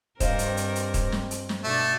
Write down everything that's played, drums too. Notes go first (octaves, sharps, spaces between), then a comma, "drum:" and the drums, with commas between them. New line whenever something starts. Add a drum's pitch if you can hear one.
G2 C4 A#4 C5 D#5 F5, drum: kick, hi-hat
drum: hi-hat
drum: hi-hat
drum: hi-hat
drum: kick, hi-hat
drum: snare
drum: hi-hat
drum: snare
B2 A3 D4